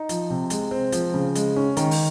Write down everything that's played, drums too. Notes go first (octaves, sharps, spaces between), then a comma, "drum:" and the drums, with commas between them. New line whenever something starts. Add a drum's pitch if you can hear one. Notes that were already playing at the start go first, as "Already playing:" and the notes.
Already playing: D#4
F3, drum: hi-hat
C3
G#3, drum: hi-hat
C4
F3, drum: hi-hat
C#3
G#3, drum: hi-hat
C#4
D#3, drum: hi-hat
drum: open hi-hat